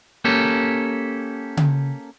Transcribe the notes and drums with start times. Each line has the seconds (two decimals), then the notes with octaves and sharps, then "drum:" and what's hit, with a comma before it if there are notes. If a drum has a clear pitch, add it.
0.25 A#3 C#4 G4 A4
1.57 drum: tom C#3